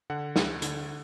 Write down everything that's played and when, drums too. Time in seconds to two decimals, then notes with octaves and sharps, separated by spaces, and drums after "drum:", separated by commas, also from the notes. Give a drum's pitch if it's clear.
0.10 D3 F#5
0.36 D2, drum: snare
0.62 D3, drum: hi-hat